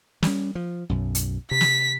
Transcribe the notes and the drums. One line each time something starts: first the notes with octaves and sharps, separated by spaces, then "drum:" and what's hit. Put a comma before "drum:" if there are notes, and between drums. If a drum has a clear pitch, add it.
G3 C#4, drum: snare
F3
B1 F#2
drum: hi-hat
C3 B6
drum: snare